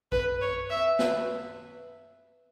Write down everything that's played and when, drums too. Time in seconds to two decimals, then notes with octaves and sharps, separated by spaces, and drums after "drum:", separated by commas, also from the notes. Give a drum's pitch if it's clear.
0.12 B4, drum: kick A#1
0.41 C#5
0.70 E5
0.99 B4, drum: snare